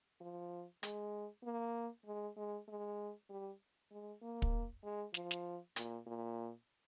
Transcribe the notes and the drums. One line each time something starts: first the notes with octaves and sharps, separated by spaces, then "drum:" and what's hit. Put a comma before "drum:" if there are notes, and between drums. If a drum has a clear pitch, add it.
F3
G#3, drum: hi-hat
A#3
G#3
G#3
G#3
G3
G#3
A#3
drum: kick
G#3
F3, drum: snare
drum: snare
A#2, drum: hi-hat
A#2